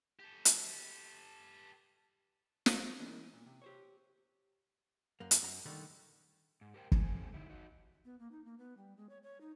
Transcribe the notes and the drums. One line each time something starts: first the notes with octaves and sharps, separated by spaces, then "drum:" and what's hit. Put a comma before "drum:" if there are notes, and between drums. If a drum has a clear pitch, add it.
G4 A4
drum: hi-hat
drum: snare
E3 G#3 A#3 C#4 D#4
A#2
C3
G4 C5 C#5
F#2 A#3
drum: hi-hat
F#2 A#5
D3 D#3 G3 A3 A#3
G#2
G4 A#4 C5 G5
G#3 C4 G4 A4 C5 G#5, drum: kick
D#4 E4 G4
D#4 F#4
B3
A#3
D#4
A#3
B3
G3
G#3
C#5
C#5
D#4